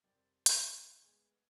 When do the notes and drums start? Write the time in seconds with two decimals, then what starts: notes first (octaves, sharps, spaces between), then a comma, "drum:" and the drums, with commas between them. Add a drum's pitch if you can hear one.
0.04 F1 G3 C4 G4 A#4 A6
0.46 drum: hi-hat
1.02 D2 G#3 B3 G#4 G#6